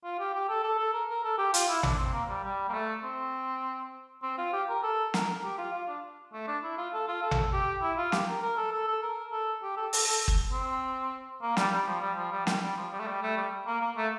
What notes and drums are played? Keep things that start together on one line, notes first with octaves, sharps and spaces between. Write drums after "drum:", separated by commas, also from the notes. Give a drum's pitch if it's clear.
F4
G4
G4
A4
A4
A4
A#4
A#4
A4
G4
F4, drum: hi-hat
E4
D4, drum: tom A1
C4
A#3
G3
G3
A#3
A3
C4
C4
F4
G4
A#4
A4
A#4, drum: snare
G4
F4
F4
D4
A3
D4
E4
F4
A4
F4
A4
drum: tom A1
G4
E4
F4
G4, drum: snare
A#4
A#4
A4
A4
A4
A#4
A4
G4
A4
A4, drum: open hi-hat
A4
drum: kick
C4
A#3
G3, drum: snare
G3
F3
G3
F3
G3
G3, drum: snare
G3
F3
G3
A3
G3
A3
G3
A#3
A#3
A3